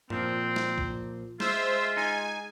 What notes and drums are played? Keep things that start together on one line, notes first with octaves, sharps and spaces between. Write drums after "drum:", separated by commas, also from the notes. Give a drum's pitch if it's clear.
A#2 F3 C4, drum: tom G2
drum: snare
drum: kick A#1
G#3 F4 C5 E5 E6, drum: snare
D#4 G#5